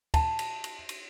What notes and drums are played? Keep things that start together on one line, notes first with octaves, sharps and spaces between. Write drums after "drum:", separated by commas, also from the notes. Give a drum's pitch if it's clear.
A5, drum: kick, cymbal
drum: cymbal
drum: cymbal
drum: cymbal